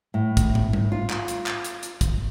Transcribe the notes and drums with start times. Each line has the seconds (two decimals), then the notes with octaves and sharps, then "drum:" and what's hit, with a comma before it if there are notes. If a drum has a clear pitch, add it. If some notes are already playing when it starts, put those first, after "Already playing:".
0.14 A2
0.37 drum: kick, hi-hat
0.55 drum: tom
0.73 drum: tom G3
0.92 F4
1.10 drum: clap
1.28 drum: hi-hat
1.46 drum: clap
1.65 drum: hi-hat
1.83 drum: hi-hat
2.01 drum: kick, hi-hat